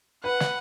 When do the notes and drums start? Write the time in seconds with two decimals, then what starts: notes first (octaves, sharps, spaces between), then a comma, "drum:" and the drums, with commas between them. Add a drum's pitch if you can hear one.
0.24 B4 F#5
0.40 drum: snare